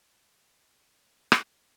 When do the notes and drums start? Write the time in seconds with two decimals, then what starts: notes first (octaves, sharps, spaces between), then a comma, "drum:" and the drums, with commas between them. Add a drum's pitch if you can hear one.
0.21 B4 E5
0.59 F#3 G#4 B4 D#6
1.32 drum: rim click